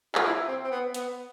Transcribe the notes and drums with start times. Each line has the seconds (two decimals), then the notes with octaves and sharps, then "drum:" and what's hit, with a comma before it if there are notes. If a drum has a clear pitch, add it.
0.15 F4, drum: clap
0.24 E4
0.47 C4
0.64 C4
0.71 B3
0.94 B3, drum: hi-hat